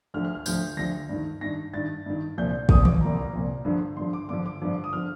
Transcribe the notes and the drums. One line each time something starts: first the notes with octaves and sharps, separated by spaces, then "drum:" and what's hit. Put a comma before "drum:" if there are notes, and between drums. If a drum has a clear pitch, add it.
D2 D3 F3 F6
F6
F6
D2 D3 F3 G6, drum: tambourine
D2 D3 F3 A#6
G2 D#3
G2 D#3 A#6
G2 D#3 A6
G2 D#3
C2 A#2 F3 G6
C2 A#2 F3 D#6, drum: kick
D6, drum: tom D#3
C2 A#2 F3 A#5
A#5
C2 A#2 F3
G2 D3 F3
G2 D3 F3 C6
D6
G2 D3 F3 D6
D6
G2 D3 F3
D#6
D3 F3 F6